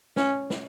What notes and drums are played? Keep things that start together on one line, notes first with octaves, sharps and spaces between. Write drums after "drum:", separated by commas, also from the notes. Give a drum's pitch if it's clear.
C#4, drum: snare
drum: snare